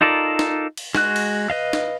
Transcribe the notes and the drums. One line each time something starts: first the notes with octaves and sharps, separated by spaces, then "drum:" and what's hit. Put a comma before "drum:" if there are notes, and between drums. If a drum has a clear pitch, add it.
D#4 F4 A4 A#4 D5
drum: snare
drum: cymbal
G#3 F#4 F#6, drum: snare
drum: cymbal
B4 D#5 F5
drum: snare